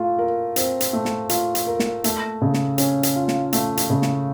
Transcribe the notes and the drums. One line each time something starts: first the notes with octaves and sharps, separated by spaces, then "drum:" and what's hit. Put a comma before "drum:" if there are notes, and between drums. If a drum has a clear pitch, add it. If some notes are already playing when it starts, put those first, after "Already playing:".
Already playing: A3 F4
A#4
C4, drum: hi-hat
drum: hi-hat
A3
drum: snare
F4, drum: hi-hat
drum: hi-hat
A#4
drum: snare
A3, drum: hi-hat
C#3
drum: snare
C#4, drum: hi-hat
drum: hi-hat
F4
drum: snare
A3, drum: hi-hat
drum: hi-hat
C#3
drum: snare